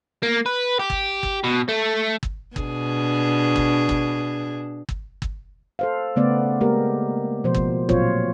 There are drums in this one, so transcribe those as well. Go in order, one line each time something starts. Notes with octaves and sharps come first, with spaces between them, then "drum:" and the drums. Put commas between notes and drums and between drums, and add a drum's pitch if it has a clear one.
A#3
B4
G4
drum: kick G1
drum: kick G1
B2
A3
drum: kick G1
B2 D4 G#4, drum: kick G1
drum: kick G1
drum: kick G1
drum: kick G1
drum: kick G1
A4 C5 F5
C#3 A3 B3 D5
G#3 A#3 G4 A#4
B2 F3 C5
drum: kick G1
A#2 F#3 C4 F4 C5 C#5, drum: kick G1